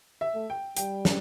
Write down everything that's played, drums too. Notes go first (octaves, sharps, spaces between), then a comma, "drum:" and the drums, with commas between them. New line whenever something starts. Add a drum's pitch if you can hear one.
E5
A3
G5
G3 G5, drum: hi-hat
drum: snare